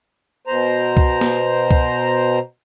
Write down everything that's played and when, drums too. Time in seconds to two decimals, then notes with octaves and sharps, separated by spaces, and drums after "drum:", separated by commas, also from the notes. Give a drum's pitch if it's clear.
0.47 B2 C5 A#5
0.97 drum: kick C2
1.21 drum: snare
1.71 drum: kick C2